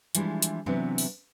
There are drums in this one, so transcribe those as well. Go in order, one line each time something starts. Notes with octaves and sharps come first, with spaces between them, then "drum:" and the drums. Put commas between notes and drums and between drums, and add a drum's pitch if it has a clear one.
E3 F3 G3 G#3 D4 E4, drum: hi-hat
drum: hi-hat
C3 E3 F#3 B3 C4 D4
drum: open hi-hat